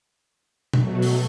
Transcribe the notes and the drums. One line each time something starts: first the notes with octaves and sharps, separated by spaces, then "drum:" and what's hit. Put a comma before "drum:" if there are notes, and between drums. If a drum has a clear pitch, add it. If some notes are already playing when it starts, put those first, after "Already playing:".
B2 F#3 A3, drum: tom B2
drum: open hi-hat